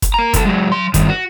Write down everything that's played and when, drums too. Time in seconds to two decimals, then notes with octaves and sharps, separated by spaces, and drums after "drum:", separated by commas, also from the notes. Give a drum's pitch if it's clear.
0.02 drum: kick F#1, hi-hat
0.14 A#3 A#5
0.34 B1 A4, drum: kick F#1, hi-hat
0.45 F#3 G#3
0.69 F#3 C6
0.94 G2 D#3, drum: kick F#1, hi-hat
1.09 F#4